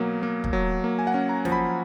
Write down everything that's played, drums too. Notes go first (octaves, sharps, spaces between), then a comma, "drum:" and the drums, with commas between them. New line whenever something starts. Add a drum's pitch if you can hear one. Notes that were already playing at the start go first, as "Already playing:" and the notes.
Already playing: B2 F#3 A#3
A#3
drum: kick
F#3
A#3
G#5
F#5
C#4
A#5
F3, drum: snare
B5